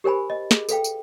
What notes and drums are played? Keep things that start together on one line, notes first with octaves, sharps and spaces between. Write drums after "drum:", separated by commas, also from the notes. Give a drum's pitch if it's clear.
G4 A#4 C5 G#5 B5
D#5
G#4, drum: snare
A4 B4 F5 G5, drum: tambourine
drum: tambourine